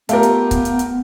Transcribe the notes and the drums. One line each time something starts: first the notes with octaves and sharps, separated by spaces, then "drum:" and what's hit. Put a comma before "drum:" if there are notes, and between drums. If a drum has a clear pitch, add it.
A3 B3 F4 G4 A#4, drum: hi-hat
drum: hi-hat
drum: kick C#1, hi-hat
drum: hi-hat
drum: hi-hat